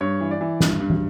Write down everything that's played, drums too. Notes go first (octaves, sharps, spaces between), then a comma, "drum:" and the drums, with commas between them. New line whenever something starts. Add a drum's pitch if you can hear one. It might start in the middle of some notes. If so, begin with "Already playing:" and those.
G2 C#5
E3
D5
E3
G2, drum: snare
G2
drum: tom